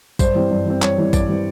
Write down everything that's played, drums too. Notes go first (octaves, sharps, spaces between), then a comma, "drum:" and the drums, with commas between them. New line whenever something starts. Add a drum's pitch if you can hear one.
G2 C5, drum: kick A1, tambourine
E3 G3 C4
G2
E3 G3 C4
G2 C#5, drum: clap
E3 G3 C4
G2 D5, drum: kick A1, tambourine
E3 G3 C4